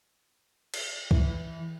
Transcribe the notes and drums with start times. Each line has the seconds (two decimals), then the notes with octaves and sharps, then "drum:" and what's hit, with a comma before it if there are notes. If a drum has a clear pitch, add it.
0.74 drum: cymbal
1.11 E3, drum: kick C2